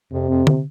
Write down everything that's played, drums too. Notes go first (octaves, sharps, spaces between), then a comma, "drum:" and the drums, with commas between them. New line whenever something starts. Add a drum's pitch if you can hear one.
F2 C3
F2
drum: tom D3